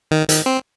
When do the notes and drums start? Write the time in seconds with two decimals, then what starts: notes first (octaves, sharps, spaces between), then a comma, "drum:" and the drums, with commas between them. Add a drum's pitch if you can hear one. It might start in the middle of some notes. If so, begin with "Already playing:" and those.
0.11 D#3
0.29 D#3, drum: hi-hat
0.46 C4